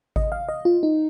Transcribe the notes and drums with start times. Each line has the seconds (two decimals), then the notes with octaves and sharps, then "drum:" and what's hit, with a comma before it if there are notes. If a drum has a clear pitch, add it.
0.16 D#5, drum: kick G#1
0.32 F5
0.49 D#5
0.65 F4
0.83 D#4